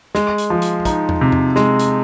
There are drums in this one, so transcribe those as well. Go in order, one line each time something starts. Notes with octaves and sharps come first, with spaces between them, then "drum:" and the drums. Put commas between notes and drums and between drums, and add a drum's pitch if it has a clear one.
G#3, drum: snare
drum: hi-hat
F3
drum: hi-hat
D#4, drum: kick, hi-hat
drum: tom E2
C3
drum: tom E2
G#3, drum: snare
drum: hi-hat